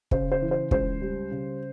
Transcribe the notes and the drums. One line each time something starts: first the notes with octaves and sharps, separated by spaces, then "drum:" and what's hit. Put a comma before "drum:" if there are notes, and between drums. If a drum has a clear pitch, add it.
C#3 C5, drum: kick
C5
E3
C5
C#2 C5, drum: kick
G3
C#3